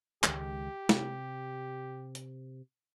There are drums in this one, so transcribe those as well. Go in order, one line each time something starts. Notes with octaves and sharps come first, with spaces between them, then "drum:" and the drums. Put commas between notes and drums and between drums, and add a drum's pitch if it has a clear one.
C#2 D#3 G#3 G4, drum: clap
C3, drum: snare
drum: hi-hat